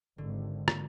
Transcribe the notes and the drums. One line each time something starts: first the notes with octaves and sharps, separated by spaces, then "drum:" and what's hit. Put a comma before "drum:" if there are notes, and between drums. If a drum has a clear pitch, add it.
G#1 D3
drum: rim click